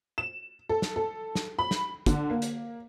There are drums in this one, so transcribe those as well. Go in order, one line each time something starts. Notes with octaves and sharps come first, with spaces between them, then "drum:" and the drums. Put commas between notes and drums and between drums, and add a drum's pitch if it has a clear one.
E7
A4
drum: snare
A4
drum: snare
B5
drum: snare
D3, drum: kick, hi-hat
A#3
drum: hi-hat